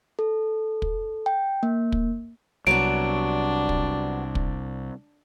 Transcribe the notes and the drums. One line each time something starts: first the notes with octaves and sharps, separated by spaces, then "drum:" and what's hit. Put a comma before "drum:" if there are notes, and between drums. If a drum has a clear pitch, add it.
A4
drum: kick
G5
A#3
drum: kick
C2 F#3 B3 D4 F#4 D7
drum: kick
drum: kick